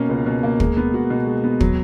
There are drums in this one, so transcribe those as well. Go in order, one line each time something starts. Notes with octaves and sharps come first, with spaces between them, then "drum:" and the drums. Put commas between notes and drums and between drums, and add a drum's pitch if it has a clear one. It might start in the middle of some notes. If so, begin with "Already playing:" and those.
Already playing: B2 A#3 C#4
C#2
B2
A#3
G#3, drum: kick
B3
F#4
B2
G#3
B3
F#3, drum: kick